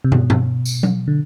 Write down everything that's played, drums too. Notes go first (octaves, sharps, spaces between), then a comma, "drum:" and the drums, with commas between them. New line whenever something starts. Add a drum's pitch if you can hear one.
C3
B2, drum: tom
drum: tom G2
drum: tambourine
drum: tom F#3
D3